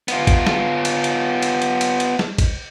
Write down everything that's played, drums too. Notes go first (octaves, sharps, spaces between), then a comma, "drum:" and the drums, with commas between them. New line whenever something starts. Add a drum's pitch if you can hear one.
B3 F4, drum: cymbal
drum: kick A1, cymbal
drum: snare
drum: cymbal
drum: cymbal
drum: cymbal
drum: cymbal
drum: cymbal
drum: cymbal
drum: snare
drum: kick A1, cymbal